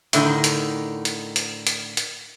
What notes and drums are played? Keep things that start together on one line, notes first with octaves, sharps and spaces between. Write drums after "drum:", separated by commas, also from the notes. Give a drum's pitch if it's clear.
A2 D3 D#3 D#4, drum: hi-hat
drum: hi-hat
drum: hi-hat
drum: hi-hat
drum: hi-hat
drum: hi-hat